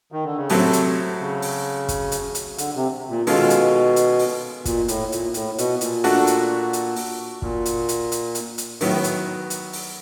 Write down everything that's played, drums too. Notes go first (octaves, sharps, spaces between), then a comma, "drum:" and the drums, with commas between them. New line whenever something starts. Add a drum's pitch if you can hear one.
D#3
D3
C#3
A2 C3 F#3 A3 C4, drum: open hi-hat
drum: hi-hat
C#3
drum: open hi-hat
drum: kick, hi-hat
drum: hi-hat
drum: hi-hat
D3, drum: hi-hat
C3
A#2
B2 D#3 G#3 C#4 F4 A4, drum: open hi-hat
drum: hi-hat
drum: hi-hat
drum: open hi-hat
A#2, drum: kick, hi-hat
A2, drum: hi-hat
A#2, drum: hi-hat
A2, drum: hi-hat
B2, drum: hi-hat
A#2, drum: hi-hat
A3 D4 F#4, drum: open hi-hat
drum: hi-hat
drum: hi-hat
drum: open hi-hat
A#2, drum: kick
drum: hi-hat
drum: hi-hat
drum: hi-hat
drum: hi-hat
drum: hi-hat
A2 D#3 F#3 B3, drum: open hi-hat
drum: hi-hat
drum: hi-hat
drum: open hi-hat